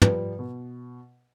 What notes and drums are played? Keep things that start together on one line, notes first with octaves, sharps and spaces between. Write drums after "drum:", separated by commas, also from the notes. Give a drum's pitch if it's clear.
F3 G3 B4, drum: tom
B2